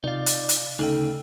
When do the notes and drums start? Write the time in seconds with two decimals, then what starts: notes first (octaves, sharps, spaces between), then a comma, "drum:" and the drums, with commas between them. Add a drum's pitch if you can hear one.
0.04 C3 D#4 F4 D5
0.26 drum: hi-hat
0.49 drum: hi-hat
0.79 D2 C#3 D#4 A4 G5